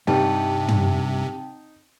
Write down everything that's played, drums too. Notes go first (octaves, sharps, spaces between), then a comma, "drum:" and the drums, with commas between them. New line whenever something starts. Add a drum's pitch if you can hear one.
G2 C3 G3 C4 D#4 G5 A5
drum: tom